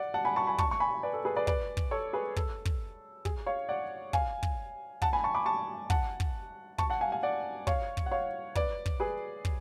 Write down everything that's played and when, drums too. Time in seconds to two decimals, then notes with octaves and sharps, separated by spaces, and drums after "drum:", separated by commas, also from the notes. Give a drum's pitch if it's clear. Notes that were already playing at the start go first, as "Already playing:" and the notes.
Already playing: D5 F#5
0.14 F#5 A5
0.25 G#5 B5
0.36 A5 C#6
0.47 G#5 B5
0.58 A5 C#6, drum: kick
0.71 C#6
0.80 G#5 B5
1.03 B4 D5
1.13 A4
1.25 G#4 B4
1.36 B4 D5
1.47 B4 D5, drum: kick
1.77 drum: kick
1.91 A4 C#5
2.13 G#4 B4
2.36 A4, drum: kick
2.65 drum: kick
3.25 G#4, drum: kick
3.47 C#5 F5
3.69 D5 F#5
4.13 F5 G#5, drum: kick
4.43 drum: kick
5.02 F#5 A5, drum: kick
5.13 G#5 B5
5.24 A5 C#6
5.35 B5 D6
5.45 A5 C#6
5.90 F#5 A5, drum: kick
6.20 drum: kick
6.78 A5 C#6, drum: kick
6.90 F#5 A5
7.01 F5 G#5
7.12 F5 G#5
7.23 D5 F#5
7.67 C#5 F5, drum: kick
7.97 drum: kick
8.06 F#5
8.11 C#5 F5
8.55 B4 D5, drum: kick
8.86 drum: kick
9.00 G#4 B4
9.45 drum: kick